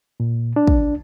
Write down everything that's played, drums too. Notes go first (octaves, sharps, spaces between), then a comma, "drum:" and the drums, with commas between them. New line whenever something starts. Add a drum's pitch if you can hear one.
A#2
D4
drum: kick